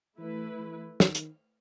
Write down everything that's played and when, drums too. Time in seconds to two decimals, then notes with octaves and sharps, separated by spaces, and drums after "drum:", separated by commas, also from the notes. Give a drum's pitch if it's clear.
0.18 E3 A3 E4 B4
0.59 E3
1.00 D#3, drum: snare
1.15 drum: hi-hat